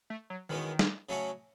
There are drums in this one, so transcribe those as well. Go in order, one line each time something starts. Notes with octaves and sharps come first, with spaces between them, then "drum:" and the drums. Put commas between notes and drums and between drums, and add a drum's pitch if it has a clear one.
A3
F#3
F#2 D#3 E3 G#3 B3
drum: snare
C#3 F#3 A3 C#4 F#4